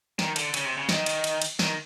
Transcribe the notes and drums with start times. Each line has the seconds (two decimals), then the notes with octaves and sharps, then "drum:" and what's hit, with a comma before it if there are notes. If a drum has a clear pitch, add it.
0.19 D#3, drum: snare
0.36 D3, drum: cymbal
0.54 C#3, drum: cymbal
0.65 C3
0.77 C#3
0.89 D#3, drum: snare
1.06 drum: cymbal
1.24 drum: cymbal
1.42 drum: cymbal
1.59 D#3, drum: snare